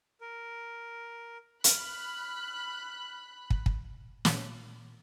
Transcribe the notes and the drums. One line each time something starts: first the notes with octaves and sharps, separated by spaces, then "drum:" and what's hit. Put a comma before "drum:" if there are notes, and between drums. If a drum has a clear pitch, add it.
A#4
B5 F6 F#6, drum: hi-hat
drum: kick
drum: kick
A#2, drum: snare